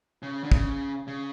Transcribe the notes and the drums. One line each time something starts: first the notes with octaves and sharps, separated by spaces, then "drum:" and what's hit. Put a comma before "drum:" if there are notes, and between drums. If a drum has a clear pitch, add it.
C#3
D3
C#3, drum: kick
C#3